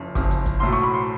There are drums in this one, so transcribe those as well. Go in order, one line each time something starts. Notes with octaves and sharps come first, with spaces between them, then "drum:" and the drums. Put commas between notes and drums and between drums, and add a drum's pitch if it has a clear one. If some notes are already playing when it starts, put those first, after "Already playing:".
Already playing: F#1 F2 C#3
F#1 F2 C#3, drum: kick F#1, hi-hat
drum: hi-hat
drum: kick F#1, hi-hat
B1 A2 F#3 C6
C#6
B5
C6